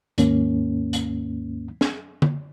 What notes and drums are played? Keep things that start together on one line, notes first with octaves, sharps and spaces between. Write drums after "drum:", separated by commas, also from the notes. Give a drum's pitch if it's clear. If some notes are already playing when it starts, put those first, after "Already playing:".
D#2 G#2 A#3 C#4, drum: hi-hat
drum: hi-hat
drum: snare
drum: tom D3